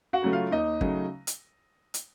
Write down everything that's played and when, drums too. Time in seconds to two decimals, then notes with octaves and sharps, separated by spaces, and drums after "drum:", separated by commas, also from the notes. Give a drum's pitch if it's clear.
0.13 F#4 F#5
0.22 C#3 F#3 A3
0.32 F4 F5
0.51 D#2 D#4 D#5
0.81 C#3 F#3 A3, drum: kick
1.27 drum: hi-hat
1.94 drum: hi-hat